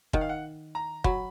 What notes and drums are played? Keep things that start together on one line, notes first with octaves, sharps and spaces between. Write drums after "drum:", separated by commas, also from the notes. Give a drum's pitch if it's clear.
D#3 F#5, drum: kick
F5
F#5
A#5
F#3 B5, drum: kick